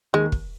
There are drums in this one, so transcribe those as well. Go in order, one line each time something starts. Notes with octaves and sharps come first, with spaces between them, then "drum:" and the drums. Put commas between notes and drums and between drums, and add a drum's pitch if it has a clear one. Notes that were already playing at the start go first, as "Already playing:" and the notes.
D#2 D#3 G#3
drum: kick